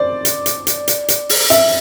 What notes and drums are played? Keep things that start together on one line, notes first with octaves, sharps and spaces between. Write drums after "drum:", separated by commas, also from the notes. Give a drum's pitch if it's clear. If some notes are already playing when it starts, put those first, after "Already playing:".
Already playing: C5 D5
drum: hi-hat
drum: hi-hat
drum: hi-hat
drum: hi-hat
drum: hi-hat
drum: open hi-hat
E5, drum: hi-hat